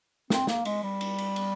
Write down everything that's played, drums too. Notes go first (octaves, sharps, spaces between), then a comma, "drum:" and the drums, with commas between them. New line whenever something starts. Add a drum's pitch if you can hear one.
C4, drum: snare
A#3, drum: snare
G#3, drum: cymbal
G3
drum: cymbal
drum: cymbal
drum: cymbal